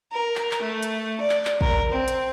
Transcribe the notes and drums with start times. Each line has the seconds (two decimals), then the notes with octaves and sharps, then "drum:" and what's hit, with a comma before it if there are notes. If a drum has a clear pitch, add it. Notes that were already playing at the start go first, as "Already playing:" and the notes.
0.13 A#4
0.36 drum: clap
0.51 drum: clap
0.62 A3
0.83 drum: hi-hat
1.20 D5
1.29 drum: clap
1.45 drum: clap
1.61 A#4, drum: kick
1.92 C4
2.08 drum: hi-hat